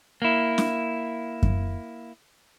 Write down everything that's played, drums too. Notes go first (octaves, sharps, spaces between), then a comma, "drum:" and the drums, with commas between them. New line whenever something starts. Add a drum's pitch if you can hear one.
A#3 E4
drum: snare
drum: kick F#2